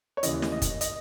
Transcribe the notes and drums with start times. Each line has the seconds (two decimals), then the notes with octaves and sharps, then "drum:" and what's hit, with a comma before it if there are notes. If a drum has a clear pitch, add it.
0.17 C#5
0.23 D#2 C#3 E3 D#5, drum: hi-hat
0.42 drum: snare
0.52 D#5
0.62 drum: kick, hi-hat
0.81 D#5, drum: hi-hat